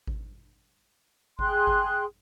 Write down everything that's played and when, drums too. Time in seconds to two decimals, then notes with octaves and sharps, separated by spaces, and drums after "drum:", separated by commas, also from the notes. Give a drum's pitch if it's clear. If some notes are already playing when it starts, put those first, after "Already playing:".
0.07 drum: kick G#1
1.39 G#4 G5 C6 F#6, drum: kick G#1
1.67 drum: kick G#1